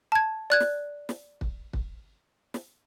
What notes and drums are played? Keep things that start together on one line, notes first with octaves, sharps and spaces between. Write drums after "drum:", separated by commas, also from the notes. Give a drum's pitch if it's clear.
A5 G#6
D5 F#6 G#6
drum: snare
drum: snare
drum: kick
drum: kick
drum: snare